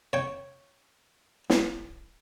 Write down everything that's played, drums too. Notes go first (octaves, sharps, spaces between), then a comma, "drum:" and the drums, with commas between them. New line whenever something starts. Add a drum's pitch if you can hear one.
C#5 G5
drum: snare